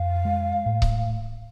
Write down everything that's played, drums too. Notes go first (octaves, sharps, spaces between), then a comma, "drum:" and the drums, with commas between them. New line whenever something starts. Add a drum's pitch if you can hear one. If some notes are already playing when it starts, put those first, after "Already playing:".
Already playing: F2 F5
G#3
A2
drum: kick C#1